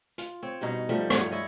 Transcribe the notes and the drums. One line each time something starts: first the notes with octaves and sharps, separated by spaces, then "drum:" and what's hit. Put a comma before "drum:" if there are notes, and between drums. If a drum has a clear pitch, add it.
F4, drum: hi-hat
C4 C#5
G2 B2 D#4 F#5
F3 G3 A3
C#5, drum: rim click
E4 C#5 D#5